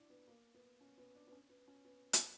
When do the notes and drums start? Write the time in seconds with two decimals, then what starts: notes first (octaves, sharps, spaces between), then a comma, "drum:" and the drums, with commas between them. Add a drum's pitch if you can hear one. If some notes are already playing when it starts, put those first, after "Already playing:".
Already playing: D4 E4
0.10 B3
0.28 A#3
0.54 B3
0.81 C#4
0.98 B3
1.15 D4
1.27 B3
1.32 C#4
1.49 B3
1.68 C#4
1.85 B3
2.13 drum: hi-hat